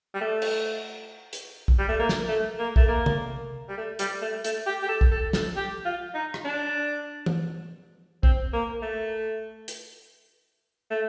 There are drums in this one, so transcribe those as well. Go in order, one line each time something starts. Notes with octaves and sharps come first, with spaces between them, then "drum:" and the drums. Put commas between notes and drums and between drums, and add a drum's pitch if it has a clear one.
G3
A3
drum: cymbal
drum: hi-hat
drum: kick
G3
A3
A#3
drum: snare
A3
A#3
A3, drum: kick
A#3
drum: tom C3
G3
A3
G3, drum: hi-hat
A3
A3, drum: hi-hat
G4
G4
A4
drum: kick
A4
A4, drum: snare
G4
F4
D#4
drum: rim click
D4
drum: tom E3
C4, drum: kick
A#3
A3
drum: hi-hat
A3